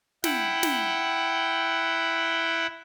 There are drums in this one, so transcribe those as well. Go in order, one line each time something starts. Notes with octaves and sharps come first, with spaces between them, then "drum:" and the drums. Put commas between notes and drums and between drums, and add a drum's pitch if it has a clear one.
E4 F#5 G5, drum: snare
drum: snare